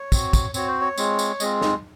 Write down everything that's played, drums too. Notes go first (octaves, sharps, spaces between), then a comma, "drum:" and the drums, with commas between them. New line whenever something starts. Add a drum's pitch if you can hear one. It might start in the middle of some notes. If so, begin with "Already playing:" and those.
Already playing: C#5
C4 F#4, drum: kick, tambourine
drum: kick, tambourine
C4 F#4 C#5, drum: tambourine
C5
C#5
G#3 C4 F4, drum: tambourine
drum: tambourine
G#3 C4 F4 D#5, drum: tambourine
drum: snare